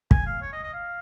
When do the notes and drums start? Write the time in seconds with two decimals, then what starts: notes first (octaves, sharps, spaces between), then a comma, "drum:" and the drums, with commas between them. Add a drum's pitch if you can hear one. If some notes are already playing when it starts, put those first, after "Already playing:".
0.11 G#5, drum: kick
0.26 F5
0.42 C#5
0.52 D#5
0.63 D#5
0.73 F5